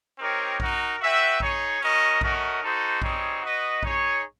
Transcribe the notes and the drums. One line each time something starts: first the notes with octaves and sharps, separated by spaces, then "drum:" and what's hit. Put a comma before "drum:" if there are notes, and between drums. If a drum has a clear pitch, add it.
C4 D#4 G4 A#4 C#5
D#4 F#4 A#4, drum: kick A#1
F#4 B4 E5 G5
D#4 G#4 C#5, drum: kick A#1
C#4 F#4 A#4 D#5
A3 C#4 F#4 A#4 D#5, drum: kick A#1
D#4 F#4 A4 C5 D#5
G3 C4 D#4 G#4 C#5, drum: kick A#1
F#4 B4 D#5
D#4 G#4 C#5, drum: kick A#1